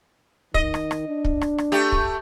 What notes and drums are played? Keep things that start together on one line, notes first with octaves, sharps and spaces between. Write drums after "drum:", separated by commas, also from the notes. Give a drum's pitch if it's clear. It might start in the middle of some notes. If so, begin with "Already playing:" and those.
D#3 D#5, drum: kick
drum: rim click
drum: rim click
D4
drum: kick
drum: rim click
drum: rim click
A3 G4
drum: kick